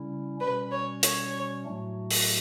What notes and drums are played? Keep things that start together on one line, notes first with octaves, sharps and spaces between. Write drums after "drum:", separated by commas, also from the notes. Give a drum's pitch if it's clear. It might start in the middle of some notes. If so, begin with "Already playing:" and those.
Already playing: C#3 G3 C#4 E4
B2 G3 C#4 B4
C#5
C#5, drum: hi-hat
A2 F#3 A3 D4 F#4
drum: open hi-hat